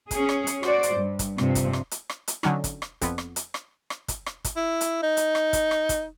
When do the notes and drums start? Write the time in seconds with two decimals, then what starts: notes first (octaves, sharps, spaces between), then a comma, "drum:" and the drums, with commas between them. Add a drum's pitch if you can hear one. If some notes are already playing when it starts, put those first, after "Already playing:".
0.11 C#4 G#4, drum: kick, hi-hat
0.29 drum: rim click
0.47 drum: hi-hat
0.63 F#4 C5 D5, drum: rim click
0.83 drum: hi-hat
0.96 G2
1.19 drum: kick, hi-hat
1.38 G2 C3 F3, drum: rim click
1.55 drum: kick, hi-hat
1.73 drum: rim click
1.91 drum: hi-hat
2.09 drum: rim click
2.28 drum: hi-hat
2.43 D3 F#3 C#4 D#4, drum: rim click
2.64 drum: kick, hi-hat
2.82 drum: rim click
3.01 F2 B3, drum: kick, hi-hat
3.18 drum: rim click
3.36 drum: hi-hat
3.54 drum: rim click
3.90 drum: rim click
4.08 drum: kick, hi-hat
4.26 drum: rim click
4.44 drum: kick, hi-hat
4.56 E4
4.81 drum: hi-hat
5.03 D#4
5.17 drum: hi-hat
5.35 drum: rim click
5.53 drum: kick, hi-hat
5.71 drum: rim click
5.89 drum: kick, hi-hat